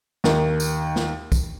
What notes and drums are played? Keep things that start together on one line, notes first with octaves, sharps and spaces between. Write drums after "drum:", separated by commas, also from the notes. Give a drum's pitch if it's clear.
D#2 D#3, drum: snare
drum: tambourine
drum: snare
drum: kick, tambourine